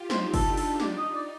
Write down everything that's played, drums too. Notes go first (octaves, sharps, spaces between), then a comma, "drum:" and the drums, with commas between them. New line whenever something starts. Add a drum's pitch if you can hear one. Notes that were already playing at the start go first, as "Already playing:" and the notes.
Already playing: F4 G4
D#4 C5, drum: snare
A4, drum: kick F#1, open hi-hat
D4
A4, drum: open hi-hat
D#4 D5, drum: snare
D#5
D5